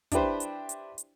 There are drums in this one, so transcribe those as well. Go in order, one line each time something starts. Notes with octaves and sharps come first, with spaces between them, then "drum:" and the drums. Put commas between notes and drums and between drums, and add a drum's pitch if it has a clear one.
D4 E4 G4 B4 C5, drum: kick, hi-hat
drum: hi-hat
drum: hi-hat
drum: hi-hat